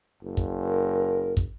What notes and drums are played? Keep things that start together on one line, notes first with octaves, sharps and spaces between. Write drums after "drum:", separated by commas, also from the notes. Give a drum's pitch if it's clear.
F#1
drum: kick
A#4
drum: kick